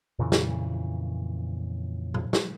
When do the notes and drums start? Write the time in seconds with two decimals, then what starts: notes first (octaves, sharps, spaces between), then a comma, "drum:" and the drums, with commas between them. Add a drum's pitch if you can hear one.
0.19 F2 A#2 C#3 E3
0.32 drum: snare
2.14 drum: tom
2.33 drum: snare